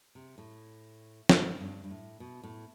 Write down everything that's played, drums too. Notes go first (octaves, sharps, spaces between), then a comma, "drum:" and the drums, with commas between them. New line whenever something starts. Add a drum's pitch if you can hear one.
C3
A2
G2, drum: snare
G2
G2
A2
B2
A2